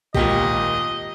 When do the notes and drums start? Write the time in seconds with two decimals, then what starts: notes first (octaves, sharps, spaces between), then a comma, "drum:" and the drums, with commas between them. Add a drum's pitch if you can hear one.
0.15 G#1 A#2 G4 D#5, drum: kick A#1